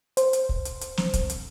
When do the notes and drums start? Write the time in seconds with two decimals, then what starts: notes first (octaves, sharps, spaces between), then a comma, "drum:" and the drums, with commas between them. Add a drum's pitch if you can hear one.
0.17 C5, drum: hi-hat
0.33 drum: hi-hat
0.49 drum: kick
0.65 drum: hi-hat
0.81 drum: hi-hat
0.97 drum: snare
1.14 drum: kick, hi-hat
1.30 drum: hi-hat